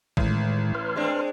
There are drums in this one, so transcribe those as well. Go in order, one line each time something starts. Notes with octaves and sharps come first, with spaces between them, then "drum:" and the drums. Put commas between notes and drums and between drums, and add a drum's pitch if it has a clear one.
A1 A2 D#3 G#3, drum: kick
B4 C6 F6
G#3 C4 D4